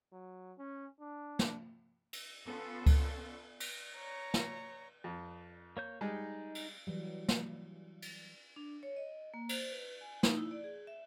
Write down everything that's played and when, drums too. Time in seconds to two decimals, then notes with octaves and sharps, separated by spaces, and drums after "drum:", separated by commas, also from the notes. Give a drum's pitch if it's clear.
0.13 F#3
0.58 C#4
1.00 D4
1.39 drum: snare
2.13 drum: cymbal
2.46 B3 C#4 F4 A4
2.86 drum: kick C#2, cymbal
3.60 drum: cymbal
3.96 C#5 A#5
4.34 drum: snare
5.04 F2
5.77 A#3 C#5 G6
6.01 G3 G#3 D#4
6.55 drum: cymbal
6.87 E3 F#3 G3
7.28 drum: snare
8.02 drum: cymbal
8.56 D4
8.83 C#5
8.96 D#5
9.34 A#3
9.49 C5, drum: cymbal
9.72 B4
10.01 G#5
10.23 D#4, drum: snare
10.37 E4
10.51 D5
10.64 G#4
10.87 E5